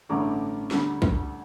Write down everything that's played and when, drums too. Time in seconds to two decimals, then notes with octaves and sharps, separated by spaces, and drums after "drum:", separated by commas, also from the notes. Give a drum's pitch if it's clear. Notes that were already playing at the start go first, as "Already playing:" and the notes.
0.09 A1 G2 D3 A3 A#5 D6
0.71 D2 D3 G3, drum: snare
1.02 drum: kick